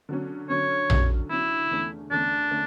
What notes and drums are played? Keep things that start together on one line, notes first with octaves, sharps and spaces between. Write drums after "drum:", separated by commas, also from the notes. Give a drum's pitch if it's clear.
D3 F#3 C#4
D3 F#3 C#4 C#5
D3 F#3 C#4, drum: tom A#1
D3 F#3 C#4 E4
E2 D3 A3 C#4
E2 D3 A3 C#4 D4
D3 A3 C#4